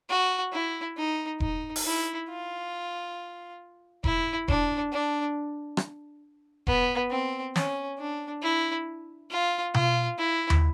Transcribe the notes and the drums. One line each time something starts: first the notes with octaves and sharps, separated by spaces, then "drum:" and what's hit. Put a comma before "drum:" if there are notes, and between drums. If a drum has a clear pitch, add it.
F#4
E4
D#4
D#4, drum: kick E1
drum: open hi-hat
E4
F4
E4, drum: kick E1
D4, drum: kick E1
D4
drum: rim click
B3, drum: kick E1
C4
C#4, drum: snare
D4
E4
F4
F4, drum: tom B2
E4
drum: tom D#2